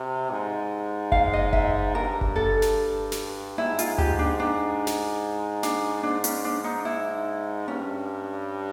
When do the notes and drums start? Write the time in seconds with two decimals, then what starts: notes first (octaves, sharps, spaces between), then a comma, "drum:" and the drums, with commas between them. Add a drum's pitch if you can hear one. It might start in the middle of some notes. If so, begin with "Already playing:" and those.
Already playing: C3
0.30 G#2
1.12 F5, drum: kick F#1
1.33 D#5
1.53 E5, drum: kick F#1
1.95 G2 A#4
2.21 drum: kick F#1
2.36 A4
2.62 drum: snare
3.12 drum: snare
3.58 G#2 E4
3.79 F4, drum: hi-hat
3.98 G4, drum: tom D2
4.19 D4
4.40 D4
4.87 drum: snare
5.63 D4, drum: snare
6.03 G#2 D4
6.24 C#4, drum: hi-hat
6.45 D4
6.64 D#4
6.85 E4
7.67 G2 C#4